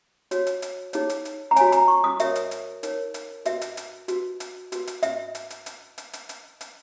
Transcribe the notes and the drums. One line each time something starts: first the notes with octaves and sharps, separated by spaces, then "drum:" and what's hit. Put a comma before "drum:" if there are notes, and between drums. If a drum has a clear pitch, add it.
F#4 C#5, drum: hi-hat
drum: hi-hat
drum: hi-hat
D#4 G#4 C#5, drum: hi-hat
drum: hi-hat
drum: hi-hat
A#5
F#4 C#5 G#5, drum: hi-hat
A#5, drum: hi-hat
C#6
D#6
F#4 A#4 C#5 E5, drum: hi-hat
drum: hi-hat
drum: hi-hat
D#4 A#4 C#5, drum: hi-hat
drum: hi-hat
F#4 B4 E5, drum: hi-hat
drum: hi-hat
drum: hi-hat
F#4 B4, drum: hi-hat
drum: hi-hat
F#4 B4, drum: hi-hat
drum: hi-hat
E5, drum: hi-hat
drum: hi-hat
drum: hi-hat
drum: hi-hat
drum: hi-hat
drum: hi-hat
drum: hi-hat
drum: hi-hat